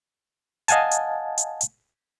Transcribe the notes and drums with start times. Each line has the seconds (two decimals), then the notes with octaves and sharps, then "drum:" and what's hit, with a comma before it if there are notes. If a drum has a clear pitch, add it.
0.68 D#5 F5 F#5 G#5 A5, drum: hi-hat
0.91 drum: hi-hat
1.38 drum: hi-hat
1.61 drum: hi-hat